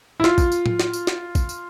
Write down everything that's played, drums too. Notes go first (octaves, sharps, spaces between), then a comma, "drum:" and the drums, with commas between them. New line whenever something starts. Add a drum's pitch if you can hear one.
E4
F4, drum: snare
drum: kick, tambourine
drum: tambourine
drum: tom
drum: snare
drum: tambourine
drum: snare
drum: kick, tambourine
drum: tambourine